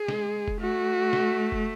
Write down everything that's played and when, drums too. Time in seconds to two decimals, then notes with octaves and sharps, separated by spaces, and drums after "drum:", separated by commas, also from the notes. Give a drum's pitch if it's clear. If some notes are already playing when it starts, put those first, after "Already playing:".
Already playing: G#4
0.08 G#3, drum: snare
0.48 drum: kick F1
0.60 A3 F#4
1.13 drum: snare
1.52 drum: kick F1